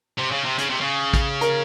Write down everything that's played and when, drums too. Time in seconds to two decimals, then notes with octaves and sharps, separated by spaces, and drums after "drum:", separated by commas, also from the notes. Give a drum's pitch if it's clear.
0.18 C3
0.31 C#3
0.44 C3
0.58 C#3, drum: hi-hat
0.69 C3
0.80 C#3
1.14 drum: kick A1, hi-hat
1.41 A#4, drum: hi-hat